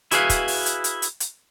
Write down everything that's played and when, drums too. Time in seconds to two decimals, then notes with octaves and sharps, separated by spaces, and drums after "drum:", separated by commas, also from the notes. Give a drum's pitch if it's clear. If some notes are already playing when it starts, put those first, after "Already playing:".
0.11 E4 F#4 G#4 B4 D#5 F5, drum: hi-hat
0.30 drum: kick, hi-hat
0.48 drum: open hi-hat
0.66 drum: hi-hat
0.84 drum: hi-hat
1.02 drum: hi-hat
1.20 drum: hi-hat